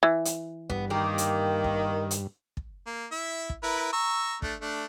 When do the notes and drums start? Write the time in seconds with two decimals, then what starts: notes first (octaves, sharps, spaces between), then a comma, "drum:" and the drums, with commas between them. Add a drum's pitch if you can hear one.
0.03 E3
0.25 drum: hi-hat
0.70 G2 B3, drum: kick
0.90 D#3 A#3 G4
1.18 drum: hi-hat
1.64 drum: kick
2.11 drum: hi-hat
2.57 drum: kick
2.86 A#3
3.12 E4 E5
3.50 drum: kick
3.63 E4 A#4 B4
3.93 A#5 C#6 E6
4.42 A3 D4, drum: kick
4.61 A3 D4